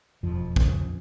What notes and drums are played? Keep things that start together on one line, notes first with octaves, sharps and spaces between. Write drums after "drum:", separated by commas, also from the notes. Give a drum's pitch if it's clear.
E1 F2 F3
D#2 C#3, drum: kick A#1